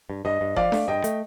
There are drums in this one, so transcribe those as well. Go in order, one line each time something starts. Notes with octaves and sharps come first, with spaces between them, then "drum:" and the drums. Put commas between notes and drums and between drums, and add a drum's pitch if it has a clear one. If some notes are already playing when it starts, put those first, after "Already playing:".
G2
G2 D#5
G2
F3 D5 F5, drum: kick F#1
A3, drum: snare D4
G2 D#5 G5
A3, drum: hi-hat